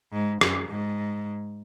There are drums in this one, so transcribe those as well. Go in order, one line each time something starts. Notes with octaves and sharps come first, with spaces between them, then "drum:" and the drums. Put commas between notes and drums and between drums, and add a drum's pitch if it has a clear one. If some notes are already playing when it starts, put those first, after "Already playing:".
G#2
F#2, drum: rim click
G#2